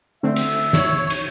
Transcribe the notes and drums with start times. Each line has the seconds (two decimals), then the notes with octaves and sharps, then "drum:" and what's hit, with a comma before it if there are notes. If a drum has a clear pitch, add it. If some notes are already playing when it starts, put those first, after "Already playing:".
0.23 D3 A3 C4 E5
0.36 drum: cymbal
0.73 C#5, drum: snare
1.10 drum: cymbal